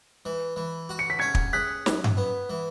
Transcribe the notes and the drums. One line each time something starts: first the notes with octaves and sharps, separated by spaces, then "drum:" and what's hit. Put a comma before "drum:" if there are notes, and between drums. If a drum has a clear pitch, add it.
E3
E3
F#4
C#7
B6
C#4 G#6 C#7
drum: kick
G#4 F#6 B6
F#2, drum: snare
drum: tom G2
B3
E3